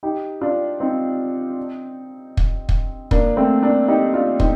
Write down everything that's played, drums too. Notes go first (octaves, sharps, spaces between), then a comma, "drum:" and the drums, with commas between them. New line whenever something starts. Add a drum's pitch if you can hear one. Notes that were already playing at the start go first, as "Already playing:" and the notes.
D#4 G4
D4 F4
C4 D#4
drum: kick
drum: kick
A#3 D4, drum: kick
A3 C4
A#3 D4
D#4 G4
D4 F4
C4 D#4, drum: kick